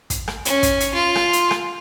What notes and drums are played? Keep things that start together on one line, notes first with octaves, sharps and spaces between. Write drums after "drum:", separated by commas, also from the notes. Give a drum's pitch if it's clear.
drum: kick, hi-hat
drum: rim click
C#4, drum: hi-hat
drum: kick, hi-hat
drum: hi-hat
F4
drum: rim click
drum: hi-hat
drum: rim click